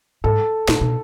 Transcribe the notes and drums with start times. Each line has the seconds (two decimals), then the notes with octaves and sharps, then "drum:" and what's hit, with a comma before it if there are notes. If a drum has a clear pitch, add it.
0.24 G#2 A4
0.68 A#2, drum: snare
0.81 B2